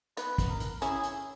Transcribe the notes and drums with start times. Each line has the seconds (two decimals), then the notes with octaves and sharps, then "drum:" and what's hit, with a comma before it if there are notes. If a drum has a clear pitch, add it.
0.17 B3 D#4 B4, drum: hi-hat
0.38 drum: kick, hi-hat
0.50 A#4
0.60 drum: hi-hat
0.81 C#4 E4 G#4, drum: hi-hat
1.03 drum: hi-hat